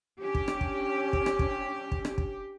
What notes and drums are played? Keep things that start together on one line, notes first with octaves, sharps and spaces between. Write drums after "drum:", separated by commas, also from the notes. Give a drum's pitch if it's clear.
C#4 D4 G4
drum: kick
drum: rim click
drum: kick
drum: kick
drum: rim click
drum: kick
drum: kick
drum: rim click
drum: kick